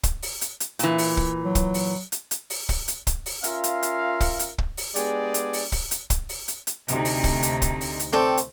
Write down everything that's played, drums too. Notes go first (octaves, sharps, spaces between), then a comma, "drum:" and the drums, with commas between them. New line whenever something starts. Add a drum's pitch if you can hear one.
drum: kick, hi-hat
drum: open hi-hat
drum: hi-hat
drum: hi-hat
A#2 E3, drum: hi-hat
drum: open hi-hat
drum: kick
F#3
drum: kick, hi-hat
drum: open hi-hat
drum: hi-hat
drum: hi-hat
drum: open hi-hat
drum: kick, open hi-hat
drum: hi-hat
drum: kick, hi-hat
drum: open hi-hat
C#4 F4 A#4 E5 F5, drum: hi-hat
drum: hi-hat
drum: hi-hat
drum: kick, open hi-hat
drum: hi-hat
drum: kick
drum: open hi-hat
G#3 B3 D4 G4 G#4 D5, drum: hi-hat
drum: hi-hat
drum: open hi-hat
drum: kick, open hi-hat
drum: hi-hat
drum: kick, hi-hat
drum: open hi-hat
drum: hi-hat
drum: hi-hat
D2 C3 D#4, drum: hi-hat
drum: open hi-hat
drum: kick, open hi-hat
drum: hi-hat
drum: kick, hi-hat
drum: open hi-hat
drum: hi-hat
A3 C4 A4 D5 G5
drum: hi-hat